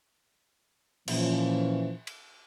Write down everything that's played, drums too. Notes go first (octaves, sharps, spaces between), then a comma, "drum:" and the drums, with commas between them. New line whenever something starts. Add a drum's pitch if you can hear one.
A#2 E3 F3 C#4, drum: cymbal
drum: cymbal